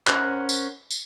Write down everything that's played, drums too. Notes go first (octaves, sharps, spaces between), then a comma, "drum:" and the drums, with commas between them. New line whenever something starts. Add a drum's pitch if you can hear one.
C#4 A#4 C5 F#5 F#6, drum: clap
drum: tambourine
drum: tambourine